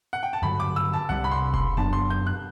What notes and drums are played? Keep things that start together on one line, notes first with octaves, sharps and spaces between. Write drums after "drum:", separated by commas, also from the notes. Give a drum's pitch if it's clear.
F#5
G5
A5
G2 D3 F#3 B5
D6
E6
A5
C2 C3 G3 F#5
B5
C6
C6, drum: kick F1
F#2 F#3 B3 D4 A5
C6
G6
F#6